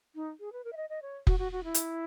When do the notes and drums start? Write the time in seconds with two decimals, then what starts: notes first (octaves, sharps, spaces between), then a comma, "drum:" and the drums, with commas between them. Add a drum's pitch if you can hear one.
0.15 D#4
0.40 G#4
0.53 B4
0.64 A#4
0.73 E5
0.77 D#5
0.89 D#5
1.02 C#5
1.27 F#4, drum: kick F1
1.39 F#4
1.52 F#4
1.64 E4
1.74 drum: hi-hat